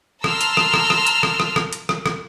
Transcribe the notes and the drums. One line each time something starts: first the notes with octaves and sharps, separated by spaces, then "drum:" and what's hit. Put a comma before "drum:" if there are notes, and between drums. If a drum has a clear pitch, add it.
A5 A#5 C6 E6 F6, drum: rim click
drum: hi-hat
drum: rim click
drum: rim click
drum: rim click
drum: hi-hat
drum: rim click
drum: rim click
drum: rim click
drum: hi-hat
drum: rim click
drum: rim click